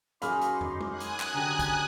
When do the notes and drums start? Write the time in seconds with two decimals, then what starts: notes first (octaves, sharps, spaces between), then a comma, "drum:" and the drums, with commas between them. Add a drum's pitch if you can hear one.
0.22 F#2 D#4 G#4 F5 B5 C6 D6 F6, drum: hi-hat
0.41 drum: hi-hat
0.61 drum: tom
0.81 drum: tom G#3
0.90 G#5 D#6 F#6
1.00 drum: hi-hat
1.20 drum: clap
1.34 D3 G4 A#5
1.59 drum: kick, hi-hat